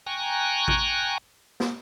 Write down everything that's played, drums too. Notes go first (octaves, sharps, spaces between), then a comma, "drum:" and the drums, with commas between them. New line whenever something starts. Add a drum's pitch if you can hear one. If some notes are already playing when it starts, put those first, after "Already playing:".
G5 G#5 A#5 C#6 F#6
drum: kick A1
drum: snare